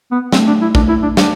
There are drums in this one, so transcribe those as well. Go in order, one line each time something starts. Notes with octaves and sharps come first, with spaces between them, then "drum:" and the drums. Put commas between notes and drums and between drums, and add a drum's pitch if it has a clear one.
B3
A3 C4, drum: snare
D4
E4
A3 D4, drum: kick
E4
D4
D4, drum: snare